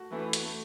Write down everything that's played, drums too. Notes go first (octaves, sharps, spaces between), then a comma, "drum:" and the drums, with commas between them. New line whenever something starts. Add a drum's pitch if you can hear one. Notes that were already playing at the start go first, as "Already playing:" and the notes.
Already playing: A3 F#4
E3 A3
drum: hi-hat
A3